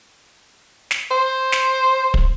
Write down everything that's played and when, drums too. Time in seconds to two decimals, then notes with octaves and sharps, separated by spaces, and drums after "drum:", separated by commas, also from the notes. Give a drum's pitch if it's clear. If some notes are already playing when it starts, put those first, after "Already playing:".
0.91 drum: snare
1.11 C5
1.52 drum: snare
2.14 drum: kick